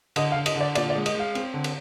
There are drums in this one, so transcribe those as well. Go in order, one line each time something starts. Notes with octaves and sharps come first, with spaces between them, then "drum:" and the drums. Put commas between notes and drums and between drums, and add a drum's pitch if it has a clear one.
D3 D#5, drum: cymbal
F5
D3
D#5, drum: cymbal
D3 D5
A#2 D5, drum: cymbal
D5
G#3
D#5, drum: cymbal
G#3 F5
C4, drum: cymbal
D3
drum: cymbal